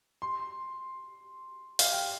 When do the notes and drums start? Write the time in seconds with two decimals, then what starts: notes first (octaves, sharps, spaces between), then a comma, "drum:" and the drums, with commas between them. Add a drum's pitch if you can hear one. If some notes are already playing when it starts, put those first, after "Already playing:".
0.22 C6
1.79 F5, drum: open hi-hat
1.92 G5